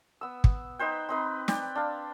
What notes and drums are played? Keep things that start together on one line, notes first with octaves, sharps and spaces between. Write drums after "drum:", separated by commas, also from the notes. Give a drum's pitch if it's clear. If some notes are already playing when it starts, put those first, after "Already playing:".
B3 E6
drum: kick
D#4 B4 C5 G5
C4 D#4 B4
D5 G5, drum: snare
D4 F5